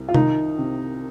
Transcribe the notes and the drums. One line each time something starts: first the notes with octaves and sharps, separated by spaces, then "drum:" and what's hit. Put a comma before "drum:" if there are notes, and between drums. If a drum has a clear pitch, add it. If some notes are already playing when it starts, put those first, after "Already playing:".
Already playing: C2
F4
D#3 D#4, drum: tom C3
C3